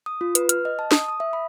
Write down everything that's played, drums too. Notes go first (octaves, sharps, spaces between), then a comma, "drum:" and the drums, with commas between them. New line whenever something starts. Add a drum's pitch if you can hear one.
D#6
F4
B4, drum: hi-hat
F6, drum: hi-hat
D#5
A5
D#6, drum: snare
D#6
E5
B5